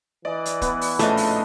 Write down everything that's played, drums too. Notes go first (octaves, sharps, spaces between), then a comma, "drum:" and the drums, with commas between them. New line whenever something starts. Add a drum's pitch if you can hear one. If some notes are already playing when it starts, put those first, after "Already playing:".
E3 D5 D#5
drum: hi-hat
B3, drum: kick, hi-hat
drum: open hi-hat
A#1 A2 C#3 F3 A3 D4 D#5, drum: hi-hat
drum: open hi-hat